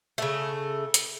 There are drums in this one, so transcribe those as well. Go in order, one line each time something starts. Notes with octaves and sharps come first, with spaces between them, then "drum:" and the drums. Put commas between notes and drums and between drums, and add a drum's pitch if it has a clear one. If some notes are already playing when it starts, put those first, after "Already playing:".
C#3 A3
drum: hi-hat